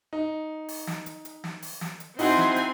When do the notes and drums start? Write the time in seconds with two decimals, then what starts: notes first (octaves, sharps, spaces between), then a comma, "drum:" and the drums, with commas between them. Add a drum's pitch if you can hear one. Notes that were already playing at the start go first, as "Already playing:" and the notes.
0.13 D#4
0.69 drum: open hi-hat
0.87 drum: snare
1.06 drum: hi-hat
1.25 drum: hi-hat
1.44 drum: snare
1.62 drum: open hi-hat
1.81 drum: snare
2.00 drum: hi-hat
2.19 C4 D#4 E4 F#4 G#5 C6, drum: open hi-hat
2.38 drum: snare
2.56 drum: hi-hat